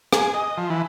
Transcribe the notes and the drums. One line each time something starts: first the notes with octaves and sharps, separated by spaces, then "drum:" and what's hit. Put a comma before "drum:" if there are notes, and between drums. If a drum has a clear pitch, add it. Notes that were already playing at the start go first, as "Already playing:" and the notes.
G#4, drum: rim click
D#5
F3
E3